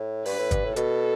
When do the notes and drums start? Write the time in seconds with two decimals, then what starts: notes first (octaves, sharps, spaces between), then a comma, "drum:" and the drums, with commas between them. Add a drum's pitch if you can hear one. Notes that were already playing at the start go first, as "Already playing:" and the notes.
Already playing: A2
0.25 G2 B4, drum: open hi-hat
0.38 A2
0.51 G2, drum: kick, hi-hat
0.64 A2
0.76 B2 A4, drum: hi-hat